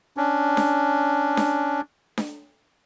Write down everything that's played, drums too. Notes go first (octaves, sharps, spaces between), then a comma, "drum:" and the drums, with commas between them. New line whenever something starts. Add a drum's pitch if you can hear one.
C#4 D4
drum: snare D4
drum: snare D4
drum: snare D4